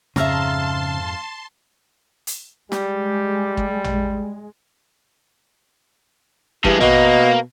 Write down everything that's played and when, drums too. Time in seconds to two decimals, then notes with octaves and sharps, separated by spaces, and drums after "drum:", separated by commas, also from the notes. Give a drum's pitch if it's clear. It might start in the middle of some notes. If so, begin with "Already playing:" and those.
0.16 F2 G#2 C#3 E5 F5 A5 A#5 C6, drum: snare
2.27 drum: hi-hat
2.72 G3 G#3 G4, drum: snare
3.57 drum: kick
3.84 drum: tom A1
6.65 G2 E3 G#3 G4, drum: kick
6.81 B2 A#3 D#5, drum: tom A1